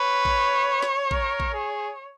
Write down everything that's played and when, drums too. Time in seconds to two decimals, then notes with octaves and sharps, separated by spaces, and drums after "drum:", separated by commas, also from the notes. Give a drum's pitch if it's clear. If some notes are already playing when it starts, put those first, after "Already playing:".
Already playing: B4 C#5
0.25 drum: kick
0.82 drum: snare
1.11 A#4, drum: kick
1.40 drum: kick
1.54 G#4